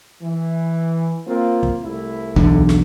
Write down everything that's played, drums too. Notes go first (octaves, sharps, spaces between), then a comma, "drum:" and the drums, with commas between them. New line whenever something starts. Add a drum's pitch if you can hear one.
E3
A#3 C4 F4
drum: kick
C2 A3 E4
B1 E2 D3, drum: tom D2
drum: snare